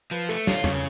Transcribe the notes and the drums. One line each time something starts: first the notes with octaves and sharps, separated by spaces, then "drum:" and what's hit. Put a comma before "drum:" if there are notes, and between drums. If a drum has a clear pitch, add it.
F3 B4
A3 A4
F4 C#5, drum: snare
C#3 C#5, drum: tom E2